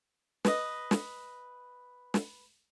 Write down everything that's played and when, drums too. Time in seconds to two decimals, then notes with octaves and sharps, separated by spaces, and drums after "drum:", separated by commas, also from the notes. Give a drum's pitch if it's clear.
0.45 B4 D#5, drum: snare
0.91 drum: snare
2.14 drum: snare